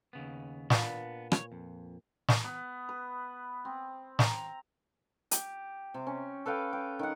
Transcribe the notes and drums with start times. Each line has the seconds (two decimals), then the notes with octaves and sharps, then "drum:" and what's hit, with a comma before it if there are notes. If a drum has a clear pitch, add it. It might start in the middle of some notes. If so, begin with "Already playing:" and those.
0.13 D#2 C#3 B3
0.70 A#2 B3 D4 B4, drum: snare
1.32 C#5, drum: rim click
1.52 F2
2.28 drum: snare
2.44 B3
2.89 B4
3.65 C4
4.19 A#5, drum: snare
5.31 G4, drum: hi-hat
5.94 C3
6.07 C#4
6.46 A4 B4 F5 G5
6.73 G5
6.99 D#3 F#5